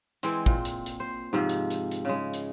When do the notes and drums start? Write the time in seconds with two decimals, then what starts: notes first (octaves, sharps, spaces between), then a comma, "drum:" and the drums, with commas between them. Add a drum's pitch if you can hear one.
0.23 E3 G#3 C4, drum: hi-hat
0.46 A#2, drum: kick
0.65 drum: hi-hat
0.86 drum: hi-hat
1.00 C5
1.33 G#2 C3 F3
1.49 drum: hi-hat
1.70 drum: hi-hat
1.91 drum: hi-hat
2.05 C#3 G#3
2.34 drum: hi-hat